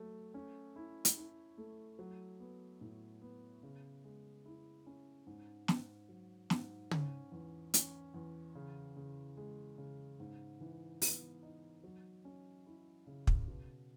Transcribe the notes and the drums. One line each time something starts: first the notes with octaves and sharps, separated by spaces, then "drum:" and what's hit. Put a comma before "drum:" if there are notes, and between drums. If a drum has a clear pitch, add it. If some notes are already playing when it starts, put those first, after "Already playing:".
Already playing: F#3 A3
C#4
E4
drum: hi-hat
E4
A3
F#3
B3
A2
B3
C#3
G#3
E4
C#4
G#2
G#2, drum: snare
F#3
G#2, drum: snare
C#4, drum: tom
E2
C#4, drum: hi-hat
E2
C#3
C#3
G#3
C#3
G#2
E3
B3, drum: open hi-hat
D#4
F#3
C#4
E4
C#3
drum: kick
B2